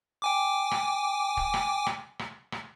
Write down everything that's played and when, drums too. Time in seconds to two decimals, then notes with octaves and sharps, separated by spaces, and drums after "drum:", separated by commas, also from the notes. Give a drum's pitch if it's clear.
0.22 G5 G#5 D6
0.71 drum: rim click
1.37 drum: kick
1.54 drum: rim click
1.86 drum: rim click
2.19 drum: rim click
2.52 drum: rim click